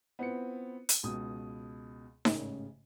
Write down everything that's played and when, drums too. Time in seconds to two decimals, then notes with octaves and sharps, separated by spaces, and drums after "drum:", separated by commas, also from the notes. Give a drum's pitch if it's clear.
0.19 B3 C4 E4 F4 C#7
0.89 drum: hi-hat
1.03 C#2 B2 D#6
2.25 A1 G#2 C#3, drum: snare D#4